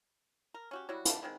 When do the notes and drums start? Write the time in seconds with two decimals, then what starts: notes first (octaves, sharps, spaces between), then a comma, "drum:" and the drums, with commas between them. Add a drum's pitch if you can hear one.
0.54 A#4
0.71 C#4 F#4 G4
0.89 F#3 G3 E4 F#4
1.05 E3 G3 A5, drum: hi-hat
1.22 D#3 G#3 C4 B4